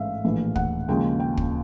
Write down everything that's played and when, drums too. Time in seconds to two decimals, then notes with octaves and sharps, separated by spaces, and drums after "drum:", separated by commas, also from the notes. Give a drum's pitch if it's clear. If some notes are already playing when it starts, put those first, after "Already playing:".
Already playing: A1 G#2 E3 A3 E5 F5
0.24 A#1 A2 E3
0.56 F#5, drum: kick
0.88 D#2 C#3 F3 G#3 G5
1.20 G5
1.37 drum: kick